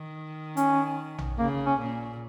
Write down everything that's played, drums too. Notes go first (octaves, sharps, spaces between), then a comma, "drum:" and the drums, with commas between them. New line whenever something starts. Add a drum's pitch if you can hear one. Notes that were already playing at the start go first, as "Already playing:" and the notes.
Already playing: D#3
C#4, drum: hi-hat
drum: tom A#1
C#3 A#3
C#4
A#2